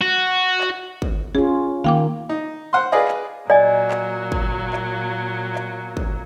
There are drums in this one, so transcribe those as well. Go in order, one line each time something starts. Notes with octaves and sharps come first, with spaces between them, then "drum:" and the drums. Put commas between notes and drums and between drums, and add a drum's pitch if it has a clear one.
F#4
drum: clap
drum: kick
C#4 F4 G#4
D#3 A#3 F5 G5 D6
D#4
C5 F#5 C6
G#4 B4 D5 D#5 F5
drum: clap
A#2 F#3 A#3 D5 D#5 G#5
drum: clap
drum: kick
drum: clap
drum: clap
drum: kick